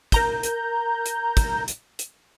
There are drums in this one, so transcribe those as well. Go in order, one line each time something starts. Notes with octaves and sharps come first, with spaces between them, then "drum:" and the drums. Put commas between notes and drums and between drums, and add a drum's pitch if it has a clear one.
A#4 A#5 G6, drum: kick, hi-hat
drum: hi-hat
drum: hi-hat
drum: kick, hi-hat
drum: hi-hat
drum: hi-hat